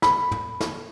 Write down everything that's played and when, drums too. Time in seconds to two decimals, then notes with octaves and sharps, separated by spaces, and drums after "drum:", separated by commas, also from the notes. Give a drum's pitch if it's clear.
0.02 B5, drum: snare
0.31 drum: tom
0.61 drum: snare